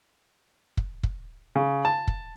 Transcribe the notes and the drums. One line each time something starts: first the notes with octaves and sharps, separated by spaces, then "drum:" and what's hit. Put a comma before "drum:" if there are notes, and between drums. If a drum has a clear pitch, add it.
drum: kick
drum: kick
C#3
A5
drum: kick